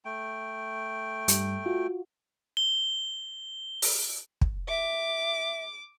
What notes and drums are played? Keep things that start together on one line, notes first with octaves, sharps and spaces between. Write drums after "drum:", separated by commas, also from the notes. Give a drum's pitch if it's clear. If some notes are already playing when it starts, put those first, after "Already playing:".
A3 G5
G2 G3, drum: hi-hat
F4 F#4
G7
drum: open hi-hat
drum: kick
E5 D6